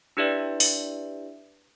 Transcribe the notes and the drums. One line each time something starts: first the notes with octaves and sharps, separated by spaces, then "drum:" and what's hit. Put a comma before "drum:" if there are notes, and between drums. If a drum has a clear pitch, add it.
D4 E4 G4 B4 D5 E5
drum: open hi-hat